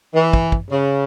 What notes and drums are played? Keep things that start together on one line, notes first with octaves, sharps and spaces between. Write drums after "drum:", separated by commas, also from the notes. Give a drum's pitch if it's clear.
E3
drum: kick
drum: kick
C#3